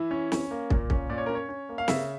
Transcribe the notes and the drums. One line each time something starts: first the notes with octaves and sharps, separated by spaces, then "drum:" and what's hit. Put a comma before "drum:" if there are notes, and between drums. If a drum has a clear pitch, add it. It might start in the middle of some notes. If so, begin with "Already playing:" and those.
Already playing: E3 E4
C#4
C#4, drum: snare
A#3
A#2, drum: kick
C#4, drum: kick
A#2 D5
C#5
C#4 A#4
C#5
C#4
A#3
F5
C#3 E5, drum: snare